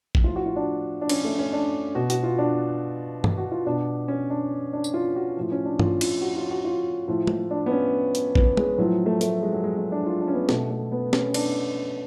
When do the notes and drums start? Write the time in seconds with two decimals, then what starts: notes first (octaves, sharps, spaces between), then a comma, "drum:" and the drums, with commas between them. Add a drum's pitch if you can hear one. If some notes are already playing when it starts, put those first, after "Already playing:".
0.15 drum: kick
0.24 A2 F3 F4
0.36 F#4
0.46 F4
0.56 D4
1.01 D4
1.09 C#4, drum: cymbal
1.24 A3
1.39 C#4
1.53 D4
1.95 B2 F#4
2.10 F#4, drum: hi-hat
2.23 F4
2.38 D4
3.24 drum: tom G2
3.38 F#4
3.52 F4
3.66 B2 D4
4.08 C#4
4.30 D4
4.73 D4
4.84 drum: tambourine
4.94 F4
5.16 F#4
5.37 A2 F3
5.52 C#4
5.65 D4
5.79 F4, drum: tom G2
6.01 F4, drum: cymbal
6.22 F#4
6.36 F4
6.51 F#4
6.65 F4
7.08 A2 F3
7.27 drum: tom
7.51 D4
7.66 B3
7.72 C#4
8.15 drum: hi-hat
8.35 B3, drum: kick
8.57 G#3, drum: tom
8.78 A2 F3 F#3
9.06 A3
9.21 A3, drum: hi-hat
9.43 G#3
9.53 F#3
9.64 G#3
9.77 G#3
9.92 D4
10.06 F4
10.21 D4
10.28 C#4
10.34 B3
10.49 B2 A3, drum: snare
10.70 A3
10.92 B3
11.13 C#4, drum: snare
11.28 C#4
11.34 D4, drum: cymbal